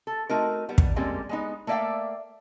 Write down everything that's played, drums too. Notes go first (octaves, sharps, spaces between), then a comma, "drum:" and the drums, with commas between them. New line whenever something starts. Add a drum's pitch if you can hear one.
A4
A3 C4 D#4 F#4 A#4
G3 B3
drum: kick
D3 G3 G#3 A#3 C4 C#4
G#3 B3 D#4
A3 A#3 D5 E5 F5 G5